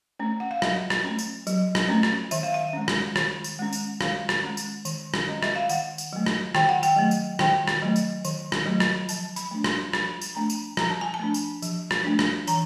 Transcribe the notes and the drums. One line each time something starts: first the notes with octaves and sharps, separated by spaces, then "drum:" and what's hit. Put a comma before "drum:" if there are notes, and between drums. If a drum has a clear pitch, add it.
A3 C#4
F#5
F5
F#3 E5, drum: rim click
drum: rim click
A3 C#4
drum: tambourine
F#3, drum: tambourine
drum: rim click
A3 C#4
drum: rim click
D#3 E5, drum: tambourine
F5
E5
G#3 C#4
drum: rim click
D#3, drum: rim click
drum: tambourine
G#3 C#4
drum: tambourine
D#3 F5, drum: rim click
drum: rim click
G#3 C#4
drum: tambourine
D#3, drum: tambourine
drum: rim click
G#3 C#4 D#5
E5, drum: rim click
F5
D#3 F#5, drum: tambourine
drum: tambourine
F#3 A3
drum: rim click
D#3 G5, drum: rim click
F#5
G5, drum: tambourine
F#3 A3
drum: tambourine
D#3 G5, drum: rim click
drum: rim click
F#3 A3
drum: tambourine
D#3, drum: tambourine
drum: rim click
F#3 A3
drum: rim click
F3 A5, drum: tambourine
B5, drum: tambourine
A3 D4
C6, drum: rim click
F3 B5, drum: rim click
drum: tambourine
A3 D4 A#5
drum: tambourine
F3 A#5, drum: rim click
A5
G#5
A5
A3 D4
drum: tambourine
F3, drum: tambourine
drum: rim click
A3 D4
drum: rim click
E3 A#5, drum: tambourine